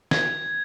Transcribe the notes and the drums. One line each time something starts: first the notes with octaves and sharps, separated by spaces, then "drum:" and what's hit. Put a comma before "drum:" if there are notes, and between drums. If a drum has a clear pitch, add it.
G#6, drum: snare